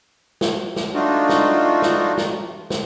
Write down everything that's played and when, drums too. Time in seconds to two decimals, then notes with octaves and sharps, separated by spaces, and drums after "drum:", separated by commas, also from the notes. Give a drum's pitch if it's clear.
0.41 drum: snare
0.76 drum: snare
0.94 A3 D4 D#4 F4 F#4
1.29 drum: snare
1.82 drum: snare
2.17 drum: snare
2.70 drum: snare